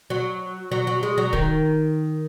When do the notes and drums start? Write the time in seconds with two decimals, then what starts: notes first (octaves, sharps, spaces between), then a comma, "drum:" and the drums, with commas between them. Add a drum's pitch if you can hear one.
0.10 F#3
0.72 F#3
0.87 F#3
1.03 G#3
1.18 F#3
1.33 D#3, drum: kick